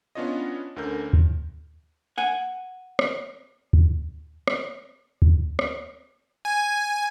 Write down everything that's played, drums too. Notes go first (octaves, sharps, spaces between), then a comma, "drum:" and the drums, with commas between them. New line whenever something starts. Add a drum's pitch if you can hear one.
B3 C#4 D4 F4 C#5 D#5
D2 D3 C#4 A#4 G6
drum: kick
F#5 G#5
drum: rim click
drum: kick
drum: rim click
drum: kick
drum: rim click
G#5